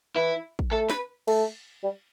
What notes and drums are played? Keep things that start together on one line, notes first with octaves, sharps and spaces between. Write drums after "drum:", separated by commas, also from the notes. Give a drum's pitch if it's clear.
E3 E4
drum: kick
A3 A4
B4, drum: snare
A3, drum: cymbal
G3